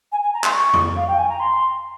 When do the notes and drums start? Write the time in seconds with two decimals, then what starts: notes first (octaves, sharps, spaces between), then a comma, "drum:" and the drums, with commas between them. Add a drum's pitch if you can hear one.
0.12 G#5
0.23 G#5
0.34 A#5
0.44 C6, drum: clap
0.54 C#6
0.73 drum: tom F2
0.97 F5
1.08 G5
1.18 G#5
1.29 A#5
1.40 C6